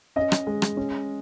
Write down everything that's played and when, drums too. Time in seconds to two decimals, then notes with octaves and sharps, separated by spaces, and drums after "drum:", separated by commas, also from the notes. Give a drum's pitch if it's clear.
0.16 C#4 D#5
0.32 drum: rim click
0.47 G#3
0.62 drum: rim click
0.77 C#4